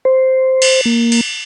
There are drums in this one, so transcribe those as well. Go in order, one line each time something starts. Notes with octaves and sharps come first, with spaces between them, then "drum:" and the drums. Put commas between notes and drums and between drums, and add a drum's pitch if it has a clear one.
C5
drum: cymbal
A#3
drum: cymbal